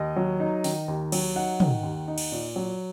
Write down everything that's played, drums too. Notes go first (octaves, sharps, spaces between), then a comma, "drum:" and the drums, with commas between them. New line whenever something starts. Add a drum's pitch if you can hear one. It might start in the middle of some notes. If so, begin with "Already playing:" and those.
Already playing: D#2 D#5
F#3
D#4
D#3, drum: open hi-hat
D#2
F#3, drum: cymbal
D#4 F#5
D#3, drum: tom
D#2
D#4
drum: cymbal
A#2
F#3